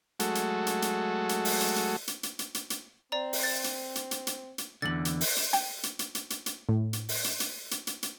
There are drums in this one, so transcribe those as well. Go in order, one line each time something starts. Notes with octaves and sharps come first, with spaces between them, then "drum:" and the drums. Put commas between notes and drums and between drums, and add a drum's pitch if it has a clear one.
F#3 G#3 A3 F#4 A4, drum: hi-hat
drum: hi-hat
drum: hi-hat
drum: hi-hat
drum: hi-hat
drum: open hi-hat
drum: hi-hat
drum: hi-hat
drum: hi-hat
drum: hi-hat
drum: hi-hat
drum: hi-hat
drum: hi-hat
C4 D5 A#5
drum: open hi-hat
A6
drum: hi-hat
drum: hi-hat
drum: hi-hat
drum: hi-hat
drum: hi-hat
E2 G2 D3 A6 F#7
drum: hi-hat
drum: open hi-hat
drum: hi-hat
G5, drum: hi-hat
drum: hi-hat
drum: hi-hat
drum: hi-hat
drum: hi-hat
drum: hi-hat
A2
drum: hi-hat
drum: open hi-hat
drum: hi-hat
drum: hi-hat
drum: hi-hat
drum: hi-hat
drum: hi-hat